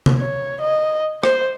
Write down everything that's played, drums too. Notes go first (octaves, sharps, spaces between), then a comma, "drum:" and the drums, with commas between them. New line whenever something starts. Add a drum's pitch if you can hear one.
drum: tom C3
C#5
D#5
C5, drum: rim click